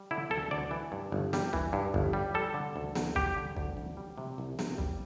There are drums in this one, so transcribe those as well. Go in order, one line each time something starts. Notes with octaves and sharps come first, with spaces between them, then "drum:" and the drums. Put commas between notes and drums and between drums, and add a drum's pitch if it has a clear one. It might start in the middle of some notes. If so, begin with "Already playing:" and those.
Already playing: G3
D3 E4
D2 A4
D2 D5
E3
G2
G1
G3, drum: snare
E3, drum: kick
G2
G1, drum: kick
G3
G3 A4
D3
D2
D2, drum: snare
G3 G4, drum: kick
D3
D2, drum: kick
D2
G3
C3
C2
C2, drum: snare
G3, drum: kick